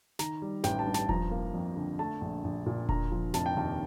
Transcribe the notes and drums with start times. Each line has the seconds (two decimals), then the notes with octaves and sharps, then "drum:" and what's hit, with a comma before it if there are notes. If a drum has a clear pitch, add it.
0.19 D#3 A#5, drum: snare
0.42 G3
0.64 A1 G5, drum: snare
0.79 A5
0.87 G2
0.94 A5, drum: snare
1.09 F3 A#5, drum: kick E1
1.31 A#3
1.54 F2
1.76 D3
1.99 A3 A5
2.21 A#1
2.44 A#1
2.66 A#2
2.89 D3 A#5, drum: kick E1
3.12 F3
3.34 F1 A5, drum: snare
3.46 G5
3.57 D#2 A5